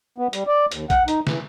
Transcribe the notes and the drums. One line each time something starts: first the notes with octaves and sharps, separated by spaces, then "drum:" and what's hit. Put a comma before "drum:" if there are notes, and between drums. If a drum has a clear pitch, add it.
B3
G3, drum: hi-hat
D5
D#2, drum: hi-hat
F#5, drum: kick, hi-hat
D#4, drum: hi-hat
E3, drum: snare